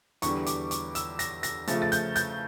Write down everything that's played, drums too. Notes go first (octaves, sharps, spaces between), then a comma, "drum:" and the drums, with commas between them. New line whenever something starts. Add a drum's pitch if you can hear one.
E2 D3 G3 C#6, drum: hi-hat
D6, drum: hi-hat
D6, drum: hi-hat
E6, drum: hi-hat
A#6, drum: hi-hat
A#6, drum: hi-hat
C#3 F3 A3 A6, drum: hi-hat
A6
G6, drum: hi-hat
G6, drum: hi-hat